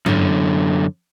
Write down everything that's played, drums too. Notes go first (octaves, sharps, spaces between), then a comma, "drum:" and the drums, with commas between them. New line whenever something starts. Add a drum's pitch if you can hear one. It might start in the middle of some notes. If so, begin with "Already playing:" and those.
F#2 D3, drum: tom G2